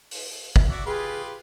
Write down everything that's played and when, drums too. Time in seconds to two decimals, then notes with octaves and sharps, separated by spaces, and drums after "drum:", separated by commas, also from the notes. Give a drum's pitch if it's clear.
0.11 drum: open hi-hat
0.56 drum: kick
0.70 F#4 D5 E5
0.86 F4 G4 G#4 B4